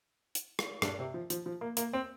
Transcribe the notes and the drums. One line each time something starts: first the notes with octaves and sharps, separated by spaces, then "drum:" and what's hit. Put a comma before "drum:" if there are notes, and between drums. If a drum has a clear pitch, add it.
drum: hi-hat
drum: rim click
G2, drum: rim click
C3
F3
F3, drum: hi-hat
F3
A#3
A#3, drum: hi-hat
C4